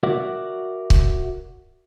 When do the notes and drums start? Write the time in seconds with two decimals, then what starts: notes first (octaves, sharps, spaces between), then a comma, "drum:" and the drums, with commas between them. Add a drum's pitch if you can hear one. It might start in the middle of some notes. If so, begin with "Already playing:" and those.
0.03 F#4 A#4 D5 E5 F#5
0.90 drum: kick C#1